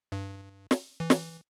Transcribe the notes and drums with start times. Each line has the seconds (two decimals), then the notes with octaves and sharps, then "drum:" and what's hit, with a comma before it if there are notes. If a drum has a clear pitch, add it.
0.12 G2
0.71 drum: snare
1.00 E3
1.10 drum: snare